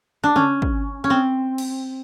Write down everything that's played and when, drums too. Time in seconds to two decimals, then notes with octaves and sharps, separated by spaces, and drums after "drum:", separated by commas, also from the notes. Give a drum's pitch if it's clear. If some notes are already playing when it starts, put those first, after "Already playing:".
0.24 D4
0.36 C#4, drum: tom C#3
0.62 drum: kick
1.04 C#4
1.10 C4
1.58 drum: cymbal